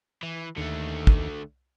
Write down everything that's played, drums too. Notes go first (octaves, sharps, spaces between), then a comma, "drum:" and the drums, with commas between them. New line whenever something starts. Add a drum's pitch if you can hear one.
E3
D#2 D3 A3
drum: kick